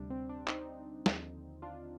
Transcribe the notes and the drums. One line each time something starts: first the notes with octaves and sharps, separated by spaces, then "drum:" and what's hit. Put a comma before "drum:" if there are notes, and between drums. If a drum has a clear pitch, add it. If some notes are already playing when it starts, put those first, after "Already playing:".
Already playing: D2 C3 G3 D4
C4
D4
C4 D#4, drum: clap
D#2 D3 F3, drum: snare
D4 F4